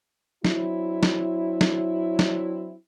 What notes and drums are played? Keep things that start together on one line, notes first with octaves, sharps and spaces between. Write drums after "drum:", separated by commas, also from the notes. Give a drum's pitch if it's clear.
F#3 C4 D4 E4, drum: snare
drum: snare
drum: snare
drum: snare